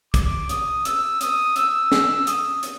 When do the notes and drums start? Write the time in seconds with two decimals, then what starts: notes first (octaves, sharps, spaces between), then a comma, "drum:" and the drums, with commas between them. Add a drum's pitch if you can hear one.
0.14 D6, drum: kick, hi-hat
0.49 D#6, drum: hi-hat
0.85 E6, drum: hi-hat
1.21 D#6, drum: hi-hat
1.56 E6, drum: hi-hat
1.92 drum: snare
2.27 D#6, drum: hi-hat
2.63 drum: hi-hat